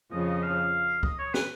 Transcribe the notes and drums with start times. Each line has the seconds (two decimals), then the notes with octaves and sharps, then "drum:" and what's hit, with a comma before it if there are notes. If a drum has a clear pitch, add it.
0.12 F2 C#3 F3 D#5
0.27 D#5
0.43 F5
1.03 D#5, drum: kick
1.19 C#5
1.34 B4, drum: snare